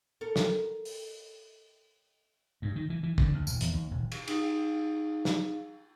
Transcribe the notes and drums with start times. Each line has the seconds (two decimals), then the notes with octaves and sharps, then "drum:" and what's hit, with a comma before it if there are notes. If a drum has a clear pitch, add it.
0.21 A4 A#4
0.36 drum: snare
0.85 drum: open hi-hat
2.62 G2
2.76 D#3
2.90 E3
3.03 E3
3.18 D3, drum: kick
3.33 D2
3.47 D#1, drum: tambourine
3.61 E2, drum: hi-hat
3.73 D#2
3.91 D#1
4.12 drum: cymbal
4.28 D#4 G#4 F5, drum: cymbal
5.25 drum: snare